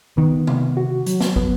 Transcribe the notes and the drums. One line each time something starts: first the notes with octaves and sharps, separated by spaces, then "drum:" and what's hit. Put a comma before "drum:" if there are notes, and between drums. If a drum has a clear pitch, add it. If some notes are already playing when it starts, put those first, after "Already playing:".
D#3 B3
C3, drum: tom C3
F#4
F#3, drum: hi-hat
drum: snare
B3, drum: kick